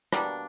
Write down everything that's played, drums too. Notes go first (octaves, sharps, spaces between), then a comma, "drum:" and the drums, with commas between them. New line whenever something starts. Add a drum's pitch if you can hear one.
B2 G3 A#3 D4, drum: rim click